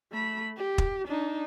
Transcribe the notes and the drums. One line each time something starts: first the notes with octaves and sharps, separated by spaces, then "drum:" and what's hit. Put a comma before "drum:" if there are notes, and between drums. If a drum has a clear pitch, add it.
A3 B5
G4
drum: kick
D4 D#4